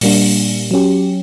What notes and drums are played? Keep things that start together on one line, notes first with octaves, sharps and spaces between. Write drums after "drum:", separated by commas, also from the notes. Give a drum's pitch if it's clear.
A#2 G3 A#3 D4, drum: open hi-hat
F#3 C#4 G4